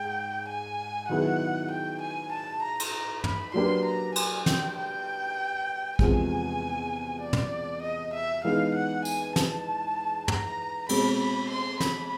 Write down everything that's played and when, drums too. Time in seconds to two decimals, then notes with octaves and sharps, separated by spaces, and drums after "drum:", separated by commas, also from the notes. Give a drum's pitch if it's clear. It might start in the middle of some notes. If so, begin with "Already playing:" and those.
Already playing: G#2 G5
0.48 G#5
1.09 D#3 F#3 B3 E4 G#4 F#5
1.71 G5
2.02 G#5
2.32 A5
2.63 A#5
2.80 drum: cymbal
2.93 A#5
3.24 B5, drum: tom
3.54 F#3 A#3 D4 G4 B4 C6
3.85 A#5
4.15 G#5, drum: cymbal
4.46 G5, drum: snare
4.77 G5
5.99 E2 C3 F3 G#3 G#5, drum: kick
7.21 D5
7.33 drum: tom
7.83 D#5
8.14 E5
8.44 E3 G#3 B3 D#4 F5
8.75 F#5
9.05 G#5, drum: tambourine
9.36 A5, drum: snare
10.28 A#5, drum: tom
10.89 B2 G#3 C4 B5, drum: cymbal
11.19 B5
11.50 C6
11.80 B5, drum: snare